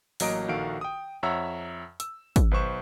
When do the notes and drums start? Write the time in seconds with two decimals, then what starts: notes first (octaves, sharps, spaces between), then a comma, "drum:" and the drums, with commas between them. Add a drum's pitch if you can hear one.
0.20 A1 F#3 A#3 D#5 A#5 D7, drum: open hi-hat
0.48 A#1 D#3 F#4 A4 F5 D7
0.81 G5 D#6
1.23 F2 C#5 E5 F#5 A#5 E6
2.00 E6, drum: hi-hat
2.36 drum: kick, hi-hat
2.51 B1 B4 C5 C#6 E7